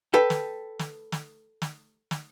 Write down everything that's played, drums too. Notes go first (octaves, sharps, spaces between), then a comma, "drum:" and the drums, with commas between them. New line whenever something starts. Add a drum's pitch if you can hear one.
A4 B4 G5
drum: snare
drum: snare
drum: snare
drum: snare
drum: snare